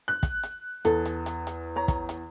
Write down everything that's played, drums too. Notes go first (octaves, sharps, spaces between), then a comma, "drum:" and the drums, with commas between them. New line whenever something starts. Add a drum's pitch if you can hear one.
F#6
drum: kick, hi-hat
drum: hi-hat
E2 A4, drum: hi-hat
drum: hi-hat
drum: hi-hat
drum: hi-hat
C#5 A#5
drum: kick, hi-hat
drum: hi-hat